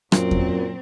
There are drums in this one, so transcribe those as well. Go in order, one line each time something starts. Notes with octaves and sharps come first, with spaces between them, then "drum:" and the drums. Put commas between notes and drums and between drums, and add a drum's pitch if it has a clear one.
F#2 A#2 F#3 C4, drum: rim click
drum: kick E2